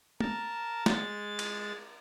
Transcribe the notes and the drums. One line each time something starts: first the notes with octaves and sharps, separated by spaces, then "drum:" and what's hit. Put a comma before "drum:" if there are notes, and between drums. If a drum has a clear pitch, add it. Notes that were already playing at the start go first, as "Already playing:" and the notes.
A#4 A5, drum: tom
G#3 A6, drum: snare
drum: cymbal